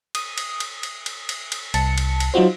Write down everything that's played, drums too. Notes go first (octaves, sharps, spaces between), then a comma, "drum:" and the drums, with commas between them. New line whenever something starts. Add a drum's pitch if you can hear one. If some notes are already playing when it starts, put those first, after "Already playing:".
D#6, drum: cymbal
drum: cymbal
drum: cymbal
drum: cymbal
drum: cymbal
drum: cymbal
drum: cymbal
C2 A5 C#7, drum: cymbal
drum: cymbal
drum: cymbal
F#3 D#4 F4 F#4 C5